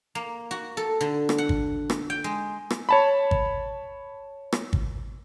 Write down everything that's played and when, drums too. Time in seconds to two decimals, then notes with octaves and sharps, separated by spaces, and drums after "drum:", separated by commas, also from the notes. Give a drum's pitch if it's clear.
0.15 A#3
0.51 F#4
0.77 A4
1.01 D3
1.29 drum: rim click
1.38 F#5
1.49 drum: kick
1.90 drum: rim click
2.10 G5
2.24 G#3
2.70 drum: rim click
2.89 C#5 A5 B5
3.31 drum: kick
4.52 drum: rim click
4.73 drum: kick